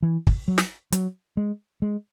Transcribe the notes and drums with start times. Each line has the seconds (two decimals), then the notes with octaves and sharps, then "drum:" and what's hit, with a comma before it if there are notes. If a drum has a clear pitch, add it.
0.02 E3
0.27 drum: kick
0.48 F#3
0.58 drum: snare
0.92 F#3, drum: hi-hat
1.37 G#3
1.82 G#3